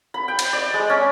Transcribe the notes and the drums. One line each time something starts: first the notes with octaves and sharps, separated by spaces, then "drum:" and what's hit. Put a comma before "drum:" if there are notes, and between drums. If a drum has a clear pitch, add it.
B5
G5
drum: cymbal
D5
G#3
C#4